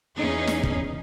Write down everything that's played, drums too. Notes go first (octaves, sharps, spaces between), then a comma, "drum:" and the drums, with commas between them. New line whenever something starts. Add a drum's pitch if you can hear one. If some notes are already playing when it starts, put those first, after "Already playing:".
E2 C#4 D#4 G#4
drum: snare
drum: kick